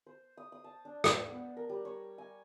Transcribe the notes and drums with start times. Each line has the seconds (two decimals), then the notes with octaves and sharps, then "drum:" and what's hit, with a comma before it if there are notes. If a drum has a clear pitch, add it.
0.06 C5
0.37 D#6
0.52 D#6
0.64 A5
0.85 D4
1.04 C5, drum: rim click
1.30 B3
1.57 A#4
1.69 G3
1.85 C#5
2.18 G#5